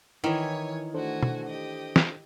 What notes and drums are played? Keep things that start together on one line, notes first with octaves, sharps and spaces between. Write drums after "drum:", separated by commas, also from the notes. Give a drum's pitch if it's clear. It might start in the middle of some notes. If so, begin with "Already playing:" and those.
D#3 E3 C#5 E5 G#5
A3 D4 F#4 A4 C5 G#5
drum: tom
G4 D#5
drum: snare